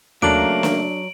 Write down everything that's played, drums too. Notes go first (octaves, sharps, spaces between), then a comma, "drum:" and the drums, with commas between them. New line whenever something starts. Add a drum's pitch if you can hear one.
C#3 F#3 A3 A#3 D4 A4 D7 F#7, drum: tom D#2
drum: snare